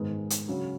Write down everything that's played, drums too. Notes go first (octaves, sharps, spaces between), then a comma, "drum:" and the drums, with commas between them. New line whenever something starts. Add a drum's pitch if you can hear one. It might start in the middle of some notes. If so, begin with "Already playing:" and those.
Already playing: G#2 D#3 G#3 B3 G#5
drum: hi-hat
C#3 F#3 C#4